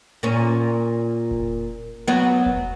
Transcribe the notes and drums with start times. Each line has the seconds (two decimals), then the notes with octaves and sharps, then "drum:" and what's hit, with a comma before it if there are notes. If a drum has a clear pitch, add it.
0.23 A#2 C#4
1.31 drum: kick F1
2.08 F#3 B3
2.46 drum: kick F1